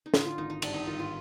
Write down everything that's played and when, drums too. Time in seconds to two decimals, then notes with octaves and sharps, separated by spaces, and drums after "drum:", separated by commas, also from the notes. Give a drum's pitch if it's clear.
0.06 D#4
0.14 D3 F4, drum: snare
0.26 F4
0.38 G#1 D#4
0.50 D#4
0.62 G2 D4, drum: cymbal
0.74 D#4
0.86 G#1 F4
0.99 F4